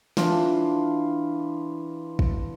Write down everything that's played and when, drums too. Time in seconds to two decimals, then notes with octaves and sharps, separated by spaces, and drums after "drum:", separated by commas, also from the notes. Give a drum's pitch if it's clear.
0.17 E3 D4 F4, drum: snare
2.19 drum: kick